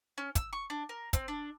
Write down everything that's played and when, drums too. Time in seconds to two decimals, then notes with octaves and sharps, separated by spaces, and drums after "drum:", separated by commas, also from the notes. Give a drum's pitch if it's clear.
0.18 C#4
0.35 E6, drum: kick, hi-hat
0.53 C#6
0.70 D4
0.89 A#4
1.13 C4, drum: kick, hi-hat
1.28 D4